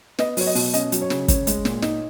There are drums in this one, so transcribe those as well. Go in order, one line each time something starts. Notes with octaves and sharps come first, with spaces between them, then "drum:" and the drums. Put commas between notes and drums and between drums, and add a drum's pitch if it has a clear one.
B3 D#5, drum: snare
F#3 C#5, drum: open hi-hat
D#5
B2, drum: open hi-hat
C#4 D#5, drum: hi-hat
F#3, drum: hi-hat
C#5
C#3, drum: snare
C#4 C#5, drum: kick, hi-hat
G#3, drum: hi-hat
A#2, drum: snare
D#4, drum: snare